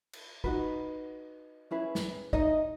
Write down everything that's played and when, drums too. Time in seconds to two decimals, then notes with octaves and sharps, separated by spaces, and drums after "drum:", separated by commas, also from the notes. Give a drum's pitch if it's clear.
0.13 drum: cymbal
0.44 D#4 F#4 B4, drum: kick
1.71 C#4 E4 G#4 B4
1.95 drum: snare
2.33 D#4 D#5, drum: kick